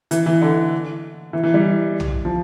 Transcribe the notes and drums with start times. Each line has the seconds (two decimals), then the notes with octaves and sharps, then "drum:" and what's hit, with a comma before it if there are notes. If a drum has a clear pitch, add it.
0.11 E3, drum: hi-hat
0.26 E3
0.42 D3
1.33 E3
1.43 E3
1.54 G3
2.00 drum: tom B1
2.25 F3